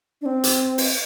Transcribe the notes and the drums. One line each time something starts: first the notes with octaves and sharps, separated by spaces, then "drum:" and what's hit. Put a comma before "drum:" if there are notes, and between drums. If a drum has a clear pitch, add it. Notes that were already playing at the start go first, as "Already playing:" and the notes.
D4
C4
drum: hi-hat
drum: open hi-hat